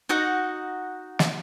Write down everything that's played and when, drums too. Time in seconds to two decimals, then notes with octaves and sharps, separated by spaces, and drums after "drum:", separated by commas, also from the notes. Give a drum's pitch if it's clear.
0.09 D#4 F#4 D#5 F#5
1.19 drum: snare